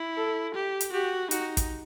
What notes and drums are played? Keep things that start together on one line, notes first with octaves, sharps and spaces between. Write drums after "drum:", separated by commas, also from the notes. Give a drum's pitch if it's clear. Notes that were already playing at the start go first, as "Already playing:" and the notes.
Already playing: E4
A4
G4
drum: hi-hat
F#4 G4
D#4 F#4, drum: hi-hat
drum: kick, hi-hat